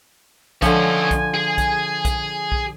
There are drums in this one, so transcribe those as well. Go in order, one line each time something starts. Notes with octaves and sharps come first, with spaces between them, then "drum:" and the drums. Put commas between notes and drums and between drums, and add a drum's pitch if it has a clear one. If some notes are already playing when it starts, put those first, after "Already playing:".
D3 F3 C#4 D#5 G#5, drum: kick B1, hi-hat
drum: kick B1, hi-hat
G#4
drum: kick B1, hi-hat
drum: kick B1, hi-hat
drum: kick B1